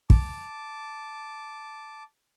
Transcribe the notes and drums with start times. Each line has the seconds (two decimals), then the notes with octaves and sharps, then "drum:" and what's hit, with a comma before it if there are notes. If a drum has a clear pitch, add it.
0.10 A5 D6, drum: kick